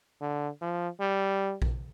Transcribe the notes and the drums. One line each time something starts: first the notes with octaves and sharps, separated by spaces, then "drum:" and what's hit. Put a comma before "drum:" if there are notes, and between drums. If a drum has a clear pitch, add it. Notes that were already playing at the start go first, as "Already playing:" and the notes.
D3
F3
G3
drum: kick A#1